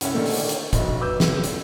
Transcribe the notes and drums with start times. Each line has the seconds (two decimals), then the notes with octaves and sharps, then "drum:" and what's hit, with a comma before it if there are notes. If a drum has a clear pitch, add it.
0.01 C2 C#4 E4 F#5, drum: hi-hat
0.14 A#2 D3 D#3 A3 A#3
0.26 drum: open hi-hat
0.49 drum: hi-hat
0.73 F1 B2 D#5 E5, drum: kick, hi-hat
1.00 F#3 B4 D6 E6 G6
1.20 drum: snare
1.44 drum: hi-hat